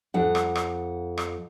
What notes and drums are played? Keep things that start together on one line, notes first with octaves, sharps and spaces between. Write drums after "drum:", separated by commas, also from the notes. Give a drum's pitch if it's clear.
F2 F#5
drum: rim click
drum: rim click
drum: rim click